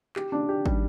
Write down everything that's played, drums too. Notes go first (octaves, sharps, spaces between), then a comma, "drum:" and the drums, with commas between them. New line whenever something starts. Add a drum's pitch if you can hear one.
G4, drum: clap
D4
G4
G3, drum: kick